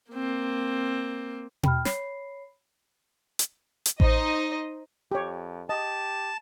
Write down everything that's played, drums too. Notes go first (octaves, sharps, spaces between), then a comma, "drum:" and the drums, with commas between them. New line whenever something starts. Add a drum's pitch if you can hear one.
A#3 C4
G5 B5 F6, drum: tom B2
C#5 B5 C7, drum: snare
drum: hi-hat
drum: hi-hat
D#4 C5 D#5, drum: kick A1
F2 G4 C#5
G4 D#5 A5